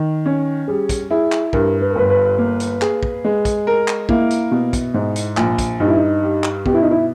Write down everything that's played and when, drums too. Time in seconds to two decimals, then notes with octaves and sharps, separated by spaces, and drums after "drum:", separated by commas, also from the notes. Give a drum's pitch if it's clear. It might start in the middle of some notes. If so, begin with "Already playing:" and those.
Already playing: D#3
0.26 C#4
0.68 G3 G#4
0.89 drum: kick, hi-hat
1.10 E4 G#4
1.32 drum: clap
1.53 G2 A#4, drum: kick
1.81 B4
1.90 A#4
1.95 G1 B4
2.10 B4
2.38 A#3
2.60 drum: hi-hat
2.82 G#4, drum: clap
3.03 drum: kick
3.25 G#3
3.45 drum: kick, hi-hat
3.67 A#4
3.88 drum: clap
4.09 A#3 E4, drum: kick
4.30 drum: hi-hat
4.51 B2
4.73 drum: kick, hi-hat
4.94 G#2
5.16 drum: hi-hat
5.37 A#1, drum: clap
5.58 drum: kick, hi-hat
5.80 G2 D#4
5.88 E4
5.97 D#4
6.23 G3
6.44 drum: clap
6.66 B2 G4, drum: kick
6.74 E4
6.82 D#4
6.91 E4